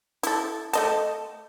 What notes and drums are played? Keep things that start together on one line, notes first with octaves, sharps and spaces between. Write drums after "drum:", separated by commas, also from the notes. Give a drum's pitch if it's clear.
E4 A4, drum: hi-hat
A3 D#5 A5, drum: hi-hat